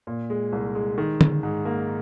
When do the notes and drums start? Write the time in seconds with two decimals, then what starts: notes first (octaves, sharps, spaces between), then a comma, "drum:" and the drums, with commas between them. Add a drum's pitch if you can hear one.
0.07 A#2
0.30 G#3
0.52 C2
0.75 G#3
0.98 D#3
1.21 D#3, drum: tom D3
1.43 G#2
1.65 A#3